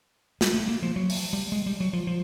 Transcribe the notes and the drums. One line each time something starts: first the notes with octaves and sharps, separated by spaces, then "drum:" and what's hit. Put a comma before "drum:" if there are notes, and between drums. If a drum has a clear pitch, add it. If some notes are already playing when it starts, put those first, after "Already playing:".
G3, drum: snare
A3
A#3
F3
F#3
drum: open hi-hat
G3
G#3
G3
F#3
F3
F3